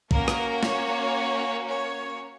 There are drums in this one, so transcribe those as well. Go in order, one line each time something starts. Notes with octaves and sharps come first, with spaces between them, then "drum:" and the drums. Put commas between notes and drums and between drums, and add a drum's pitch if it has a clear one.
A#3 C#4 F#4 A#4, drum: kick
drum: rim click
C#5, drum: snare
C#5